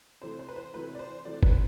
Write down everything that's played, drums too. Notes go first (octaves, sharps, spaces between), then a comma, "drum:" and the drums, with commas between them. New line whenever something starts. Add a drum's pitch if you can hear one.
C3 E3 A3 C5
C5
B4
C5
C3 E3 A3 B4
D5
C5
C3 E3 A3 D5
B4, drum: kick
C5